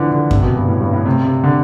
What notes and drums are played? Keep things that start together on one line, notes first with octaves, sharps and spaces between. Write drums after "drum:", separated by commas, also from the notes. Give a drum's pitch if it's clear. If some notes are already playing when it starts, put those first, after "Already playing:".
Already playing: D3 E3 F3
D3
C3, drum: kick F#2
B2
G2
A2
G2
A2
C3
C3
D3